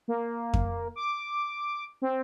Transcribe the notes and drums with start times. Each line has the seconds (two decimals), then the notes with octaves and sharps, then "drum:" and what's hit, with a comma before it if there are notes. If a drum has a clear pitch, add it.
0.08 A#3
0.54 drum: kick F2
0.96 D6
2.02 C4